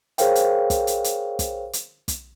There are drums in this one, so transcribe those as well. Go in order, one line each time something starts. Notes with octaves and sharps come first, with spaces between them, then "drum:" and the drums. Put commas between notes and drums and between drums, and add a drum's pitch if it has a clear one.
G#4 A#4 C5 C#5 F5 G5, drum: hi-hat
drum: hi-hat
drum: kick, hi-hat
drum: hi-hat
drum: hi-hat
drum: kick, hi-hat
drum: hi-hat
drum: kick, hi-hat